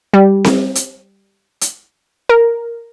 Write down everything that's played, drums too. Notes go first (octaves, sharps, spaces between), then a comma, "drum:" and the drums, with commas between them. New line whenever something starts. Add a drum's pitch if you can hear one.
G3
drum: snare C4
drum: hi-hat
drum: hi-hat
A#4